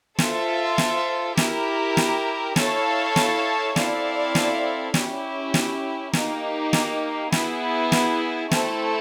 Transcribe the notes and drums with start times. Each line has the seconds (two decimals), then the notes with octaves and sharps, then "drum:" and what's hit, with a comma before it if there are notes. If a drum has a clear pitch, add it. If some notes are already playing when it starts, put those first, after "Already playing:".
0.19 F4 A4 C5 E5, drum: snare
0.78 drum: snare
1.37 E4 G4 A#4, drum: snare
1.97 drum: snare
2.56 E4 A4 C#5 F5 A5, drum: snare
3.16 drum: snare
3.76 C4 E4 A4 D5 F5, drum: snare
4.35 drum: snare
4.94 C#4 E4 G4, drum: snare
5.54 drum: snare
6.13 A#3 D#4 G4, drum: snare
6.73 drum: snare
7.32 B3 E4 G#4, drum: snare
7.92 drum: snare
8.51 A3 C4 E4 A4, drum: snare